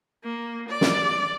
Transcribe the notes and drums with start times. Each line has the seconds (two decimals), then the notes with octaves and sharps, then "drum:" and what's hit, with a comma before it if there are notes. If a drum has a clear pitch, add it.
0.24 A#3
0.69 D5
0.81 drum: snare